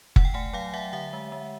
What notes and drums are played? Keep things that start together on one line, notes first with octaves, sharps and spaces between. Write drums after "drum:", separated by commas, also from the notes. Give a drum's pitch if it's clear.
F#5, drum: kick F#1
G5
A3 F#5 G#5
F#3 F5 G5
F#3 E5 F#5
D3 E5 F#5
G#3
G#3